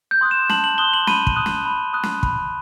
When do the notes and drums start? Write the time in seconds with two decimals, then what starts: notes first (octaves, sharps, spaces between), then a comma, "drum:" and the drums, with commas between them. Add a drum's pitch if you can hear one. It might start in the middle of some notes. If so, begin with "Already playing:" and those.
0.11 G6
0.21 C6 D#6 F#6
0.31 E7
0.49 A5 F#7, drum: snare
0.64 F#7
0.78 C6 D#6 F#6 G7
0.93 F#7
1.07 B5 D#7, drum: snare
1.27 drum: kick
1.36 D#6 F#6
1.46 drum: snare
1.66 B5
1.93 D#6 F#6
2.03 drum: snare
2.23 B5, drum: kick